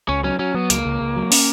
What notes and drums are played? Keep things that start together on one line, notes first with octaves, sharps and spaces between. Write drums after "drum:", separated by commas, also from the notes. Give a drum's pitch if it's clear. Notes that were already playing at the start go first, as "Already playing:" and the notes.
C#2 C#4
F#3 C#4
F#3 C#4
F#3 B3
C#2 A#3, drum: hi-hat
C#2
C#2
F#3
C#4, drum: open hi-hat